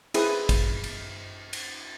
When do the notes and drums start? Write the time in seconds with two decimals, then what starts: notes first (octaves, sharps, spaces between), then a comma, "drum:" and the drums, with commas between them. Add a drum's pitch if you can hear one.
0.14 E4 G#4 B4 C5 D#6, drum: cymbal
0.49 drum: kick, cymbal
0.84 drum: cymbal
1.53 drum: cymbal